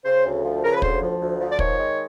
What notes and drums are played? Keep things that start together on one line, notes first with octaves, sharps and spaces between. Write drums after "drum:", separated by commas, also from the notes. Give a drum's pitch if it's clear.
C#3 C5
D2
F3
C#3 A#4
B4
D2 C5, drum: kick
F3
D2
F3
D5
D#3 C#5, drum: kick
G#3